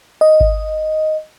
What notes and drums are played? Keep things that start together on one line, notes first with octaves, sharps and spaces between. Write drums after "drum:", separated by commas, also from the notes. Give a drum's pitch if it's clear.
D#5
drum: kick G#1